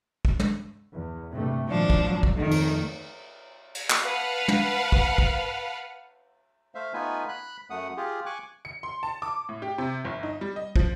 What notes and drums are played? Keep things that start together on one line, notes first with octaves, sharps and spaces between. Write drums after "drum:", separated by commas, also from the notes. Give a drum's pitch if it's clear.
drum: kick
drum: tom
E2
G2 C3 A3
G#1 A#2 F3 D4
drum: kick
F#3
drum: kick
F2 D#3 A3
drum: cymbal
drum: cymbal
drum: clap
B4 F5 F#5 A5
drum: tom
drum: kick
drum: kick
A3 C5 E5 F5
A3 B3 D#4 F4 B4 G#5
B5 F#6
F#2 A3 F#5 D#6
F4 G4 G#4
G#5 C#6 D6 F#6
C#7
C6
A5
D6
A2
G4
C3
G1
D#4
G3
D#5
F3, drum: kick